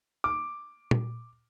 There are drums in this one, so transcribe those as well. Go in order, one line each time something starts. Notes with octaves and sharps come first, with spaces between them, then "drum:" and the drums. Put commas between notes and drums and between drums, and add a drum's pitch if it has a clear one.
D6
drum: tom A#2